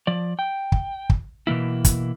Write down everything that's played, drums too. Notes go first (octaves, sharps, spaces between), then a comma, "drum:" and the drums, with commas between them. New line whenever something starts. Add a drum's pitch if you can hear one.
F3 D5
G5
drum: kick
drum: kick
B2 E3 A#3 E4
drum: kick, hi-hat